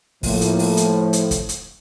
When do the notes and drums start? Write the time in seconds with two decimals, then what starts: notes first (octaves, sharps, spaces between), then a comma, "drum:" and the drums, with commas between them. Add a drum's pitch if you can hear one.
0.23 A2 F3 A#3, drum: kick, open hi-hat
0.41 drum: hi-hat
0.59 drum: open hi-hat
0.77 drum: hi-hat
1.13 drum: hi-hat
1.31 drum: kick, hi-hat
1.49 drum: hi-hat